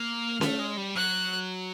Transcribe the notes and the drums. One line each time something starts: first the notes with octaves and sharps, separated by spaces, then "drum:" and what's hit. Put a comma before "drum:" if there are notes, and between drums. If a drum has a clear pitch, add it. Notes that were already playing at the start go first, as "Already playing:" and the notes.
Already playing: A#3 F6
A3, drum: snare C#4
G#3
G3
F#3 F#6